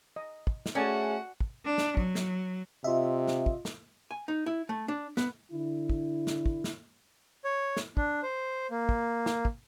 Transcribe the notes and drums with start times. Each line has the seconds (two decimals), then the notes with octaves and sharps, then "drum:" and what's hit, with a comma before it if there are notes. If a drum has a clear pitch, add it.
0.16 D#5
0.47 drum: kick
0.66 drum: snare
0.75 A3 C#4 F#4 G#4 D5 F#5 G#5 A5
1.40 drum: kick
1.65 D4
1.78 drum: snare
1.97 F#3, drum: kick
2.15 drum: snare
2.84 C3 F4 D#5 E5
3.28 drum: snare
3.46 drum: kick
3.65 drum: snare
4.11 G#5
4.28 D#4
4.46 E4
4.69 A3
4.88 D4
5.17 B3, drum: snare
5.52 D3 E4
5.89 drum: kick
6.27 drum: snare
6.46 drum: kick
6.64 drum: snare
7.45 C#5
7.77 drum: snare
7.97 D4, drum: kick
8.23 C5
8.71 A#3
8.89 drum: kick
9.26 drum: snare
9.45 drum: kick